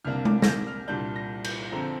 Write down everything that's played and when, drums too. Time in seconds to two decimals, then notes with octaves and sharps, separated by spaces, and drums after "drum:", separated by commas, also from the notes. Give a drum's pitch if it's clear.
0.05 C2 C3 A#3 D4 F6
0.25 D6, drum: tom G#3
0.42 A#6, drum: snare
0.46 G6
0.67 F6
0.88 C2 A#2 G3 D4 G6
1.16 A#6
1.44 G6, drum: cymbal
1.72 F2 D3 F3 C4 A#5